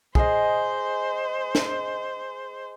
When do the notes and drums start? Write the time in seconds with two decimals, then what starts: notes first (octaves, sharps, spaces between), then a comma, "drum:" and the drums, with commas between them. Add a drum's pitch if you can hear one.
0.15 G#4 C5 D#5, drum: kick
1.55 drum: snare